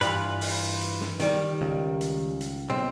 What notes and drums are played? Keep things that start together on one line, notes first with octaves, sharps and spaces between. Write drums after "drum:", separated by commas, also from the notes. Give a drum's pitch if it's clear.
G2 E3 F4 B4, drum: hi-hat
drum: open hi-hat
drum: hi-hat
drum: snare
D#3 G3, drum: hi-hat
C#2
drum: hi-hat
drum: hi-hat
B1 C4